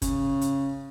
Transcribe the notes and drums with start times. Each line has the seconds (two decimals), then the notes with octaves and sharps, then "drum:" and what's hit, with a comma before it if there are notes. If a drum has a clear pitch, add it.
0.02 C#3, drum: kick, hi-hat
0.41 drum: hi-hat